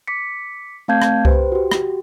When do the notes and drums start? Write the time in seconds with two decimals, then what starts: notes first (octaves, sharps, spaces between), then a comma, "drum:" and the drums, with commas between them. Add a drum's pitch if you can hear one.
0.07 D6 B6 C#7
0.88 A3 C4 F5 A5 G6 G#6
1.02 drum: rim click
1.25 G4 B4 C5, drum: kick C2
1.52 F#4 G4
1.71 drum: rim click